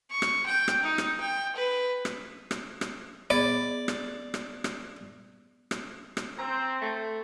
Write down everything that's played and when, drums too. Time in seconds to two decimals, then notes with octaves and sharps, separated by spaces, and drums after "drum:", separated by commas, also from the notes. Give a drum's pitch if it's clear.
0.11 C#6
0.22 drum: rim click
0.46 G5
0.68 drum: rim click
0.83 D#4
0.98 drum: rim click
1.20 G5
1.55 B4
2.05 drum: rim click
2.51 drum: rim click
2.81 drum: rim click
3.30 B3 G#4 D5
3.88 drum: rim click
4.34 drum: rim click
4.64 drum: rim click
5.71 drum: rim click
6.17 drum: rim click
6.39 C4 A#5
6.81 A3